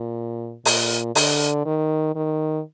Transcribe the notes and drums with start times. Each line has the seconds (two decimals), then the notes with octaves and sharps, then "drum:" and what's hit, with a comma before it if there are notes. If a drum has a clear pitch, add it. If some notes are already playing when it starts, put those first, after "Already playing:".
Already playing: A#2
0.65 A#2, drum: open hi-hat
1.15 D3, drum: open hi-hat
1.65 D#3
2.15 D#3